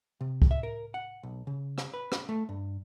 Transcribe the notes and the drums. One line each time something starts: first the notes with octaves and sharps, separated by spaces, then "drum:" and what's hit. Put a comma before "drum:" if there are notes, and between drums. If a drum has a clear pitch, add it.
C3
drum: kick
E5
A#4
F#5
B1
C#3
drum: rim click
B4
drum: rim click
A3
G2